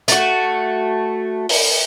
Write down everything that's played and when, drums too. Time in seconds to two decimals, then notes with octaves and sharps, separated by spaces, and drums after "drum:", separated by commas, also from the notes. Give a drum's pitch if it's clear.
0.08 A3 F#4, drum: hi-hat
1.49 drum: open hi-hat